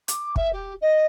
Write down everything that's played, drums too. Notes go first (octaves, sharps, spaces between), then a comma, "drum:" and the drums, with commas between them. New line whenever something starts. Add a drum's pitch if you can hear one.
D6, drum: hi-hat
E5, drum: kick
G4
D#5